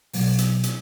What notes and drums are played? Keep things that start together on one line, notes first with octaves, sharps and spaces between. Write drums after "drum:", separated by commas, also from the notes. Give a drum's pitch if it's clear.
B2 F#3, drum: open hi-hat
drum: hi-hat
drum: hi-hat